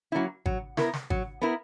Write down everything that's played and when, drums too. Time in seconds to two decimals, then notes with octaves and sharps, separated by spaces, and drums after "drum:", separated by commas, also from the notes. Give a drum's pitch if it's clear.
0.12 F#3 A#3 C#4 E4
0.46 F#3, drum: kick G#1
0.77 B3 E4 A#4, drum: snare
0.94 drum: snare
1.10 F#3, drum: kick G#1
1.41 B3 E4 A#4